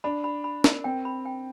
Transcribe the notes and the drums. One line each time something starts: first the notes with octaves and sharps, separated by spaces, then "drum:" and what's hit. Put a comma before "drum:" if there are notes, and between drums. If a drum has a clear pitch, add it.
D4 B5
B5
B5
A#4, drum: snare
C4 G5
B5
G5